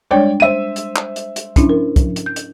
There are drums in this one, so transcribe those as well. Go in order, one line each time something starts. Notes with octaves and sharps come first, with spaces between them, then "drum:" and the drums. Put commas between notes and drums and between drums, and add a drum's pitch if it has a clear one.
G3 G#3 D4 C#5 D5 G5
C5 E5 D#7
drum: hi-hat
drum: clap
drum: hi-hat
drum: hi-hat
C#4 D4 E4, drum: kick, hi-hat
A#4
drum: kick, hi-hat
drum: hi-hat
G6
drum: hi-hat